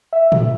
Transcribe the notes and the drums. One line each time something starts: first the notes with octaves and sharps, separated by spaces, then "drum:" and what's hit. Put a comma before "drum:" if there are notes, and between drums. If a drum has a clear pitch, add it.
E5
drum: tom